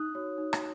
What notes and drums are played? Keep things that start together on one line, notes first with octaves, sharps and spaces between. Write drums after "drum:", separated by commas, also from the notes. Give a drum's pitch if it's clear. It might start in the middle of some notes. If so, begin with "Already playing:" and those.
Already playing: D#4 D#6 F#6
F#4 C#5
D#4
drum: rim click